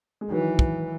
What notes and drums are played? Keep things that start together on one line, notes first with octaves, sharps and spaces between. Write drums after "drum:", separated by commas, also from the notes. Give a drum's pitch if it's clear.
G#3
D#3 E3 F#3
drum: kick